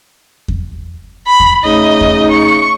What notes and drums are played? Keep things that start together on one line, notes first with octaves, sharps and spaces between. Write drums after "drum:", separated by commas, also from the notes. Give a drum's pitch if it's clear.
drum: kick E2
B5
drum: kick E2
C#3 A3 D#4 D#5
drum: kick E2
C#6